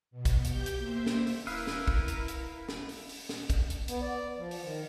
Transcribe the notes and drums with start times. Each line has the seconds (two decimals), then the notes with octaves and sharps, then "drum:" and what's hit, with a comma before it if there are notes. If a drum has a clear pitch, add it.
0.11 B2
0.25 drum: kick, hi-hat
0.44 G4 G6, drum: hi-hat
0.66 drum: hi-hat
0.78 A#3 C5 E5
1.06 drum: snare
1.27 drum: open hi-hat
1.47 D#1 E4 A#4 B4 E5 F5, drum: open hi-hat
1.67 drum: snare
1.87 drum: kick
2.08 drum: hi-hat
2.28 drum: hi-hat
2.69 drum: snare
2.89 drum: open hi-hat
3.09 drum: open hi-hat
3.29 drum: snare
3.50 drum: kick, hi-hat
3.70 drum: hi-hat
3.88 B3, drum: hi-hat
4.02 D5
4.38 F3
4.51 drum: open hi-hat
4.63 D#3